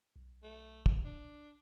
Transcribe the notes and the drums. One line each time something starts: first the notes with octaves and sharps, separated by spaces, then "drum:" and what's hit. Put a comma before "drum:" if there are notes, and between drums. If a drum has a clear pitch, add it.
B1
A3
drum: kick
D4